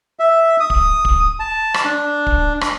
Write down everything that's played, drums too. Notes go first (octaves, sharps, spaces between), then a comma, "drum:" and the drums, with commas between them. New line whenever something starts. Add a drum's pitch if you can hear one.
E5
D#6
drum: kick
drum: kick
A5
drum: rim click
D4
drum: kick
drum: rim click